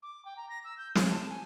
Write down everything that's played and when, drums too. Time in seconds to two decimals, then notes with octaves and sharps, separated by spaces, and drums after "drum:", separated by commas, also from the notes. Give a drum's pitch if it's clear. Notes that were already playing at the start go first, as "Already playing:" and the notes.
0.03 D6
0.25 G5
0.37 A#5
0.50 A#6
0.64 E6
0.78 G6
0.95 C#5, drum: snare
1.09 A5
1.30 G#5